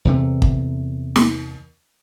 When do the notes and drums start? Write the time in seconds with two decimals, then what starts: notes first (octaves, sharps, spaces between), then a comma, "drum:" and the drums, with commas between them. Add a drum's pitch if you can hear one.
0.05 E2 C3 A3
0.42 drum: kick
1.16 drum: snare